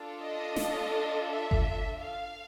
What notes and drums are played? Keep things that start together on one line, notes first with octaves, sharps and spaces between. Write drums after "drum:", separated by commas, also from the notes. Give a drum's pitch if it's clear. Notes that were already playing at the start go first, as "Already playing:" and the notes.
Already playing: D4 F4 A4
D#5
drum: snare
E5
drum: kick G1
F5